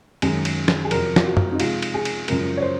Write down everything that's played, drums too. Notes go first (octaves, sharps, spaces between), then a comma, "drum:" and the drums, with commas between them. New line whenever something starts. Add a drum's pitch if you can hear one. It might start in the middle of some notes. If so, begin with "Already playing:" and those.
F#2 D#3 G#3 G#4, drum: cymbal
drum: cymbal
drum: snare
G#4
F2 C3 F#3 A#4, drum: cymbal
F4, drum: snare
F#4
drum: tom
D#4
C3 F3 G#3 F4, drum: cymbal
drum: cymbal
G#4
drum: cymbal
F#2 C#3 F3 G#3 A#4, drum: cymbal
C#5
C5